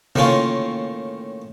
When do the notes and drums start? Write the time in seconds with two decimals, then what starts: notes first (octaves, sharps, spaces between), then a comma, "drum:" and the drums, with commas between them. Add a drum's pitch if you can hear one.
0.15 A2 D#3 A3 A#3 C#4 F4, drum: tom C3